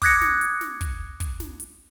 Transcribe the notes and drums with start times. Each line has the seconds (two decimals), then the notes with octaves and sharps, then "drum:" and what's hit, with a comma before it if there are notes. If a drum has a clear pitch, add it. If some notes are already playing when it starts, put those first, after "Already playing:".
0.02 D6 D#6 F#6 G#6 A#6 C#7, drum: kick, hi-hat
0.21 drum: snare
0.41 drum: hi-hat
0.61 drum: snare
0.81 drum: kick, hi-hat
1.20 drum: kick, hi-hat
1.40 drum: snare
1.60 drum: hi-hat